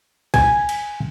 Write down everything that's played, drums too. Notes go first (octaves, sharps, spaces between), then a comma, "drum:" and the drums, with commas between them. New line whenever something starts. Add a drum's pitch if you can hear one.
G#5, drum: kick, cymbal
drum: cymbal